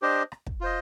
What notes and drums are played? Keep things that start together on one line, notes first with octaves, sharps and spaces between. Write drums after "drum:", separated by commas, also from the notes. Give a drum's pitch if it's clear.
D4 G4 C5 D#5
drum: rim click
drum: kick
F4 C5 D#5